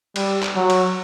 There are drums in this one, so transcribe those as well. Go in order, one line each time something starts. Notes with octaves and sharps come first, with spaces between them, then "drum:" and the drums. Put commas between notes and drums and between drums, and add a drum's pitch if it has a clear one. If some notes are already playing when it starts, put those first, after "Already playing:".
G3, drum: cymbal
drum: clap
F#3
drum: cymbal